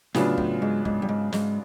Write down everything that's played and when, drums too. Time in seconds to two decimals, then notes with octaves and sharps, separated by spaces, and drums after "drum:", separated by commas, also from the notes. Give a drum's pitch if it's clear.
0.14 A2 C#3 F#3 B3 D4 F4, drum: snare
0.37 A2, drum: kick
0.62 G#2
0.85 G#2, drum: kick
1.02 G2
1.09 G#2
1.32 G#2, drum: snare